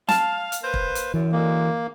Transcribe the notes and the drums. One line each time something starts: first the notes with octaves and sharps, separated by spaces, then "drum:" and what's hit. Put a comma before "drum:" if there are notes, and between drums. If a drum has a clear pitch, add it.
F5 A5, drum: snare
drum: hi-hat
A#3 B4 C5
drum: kick
drum: hi-hat
F#2 E3
F#2 D3 G#3 A#3